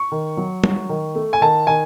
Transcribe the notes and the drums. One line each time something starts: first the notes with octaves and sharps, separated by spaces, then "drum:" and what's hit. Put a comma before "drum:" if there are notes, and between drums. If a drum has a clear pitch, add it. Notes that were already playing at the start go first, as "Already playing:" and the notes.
Already playing: C#6
D#3
F#3
F#3, drum: tom G3
D#3
A3
G#5
D#3 A5
D#3 G#5